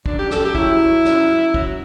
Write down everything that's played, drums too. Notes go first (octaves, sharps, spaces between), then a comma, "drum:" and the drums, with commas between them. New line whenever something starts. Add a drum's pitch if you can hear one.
F#2 D4, drum: kick
G4
F#2 A4, drum: snare
G4
F#3 E4, drum: kick
F#3
F#2, drum: snare
F#2
F#3, drum: kick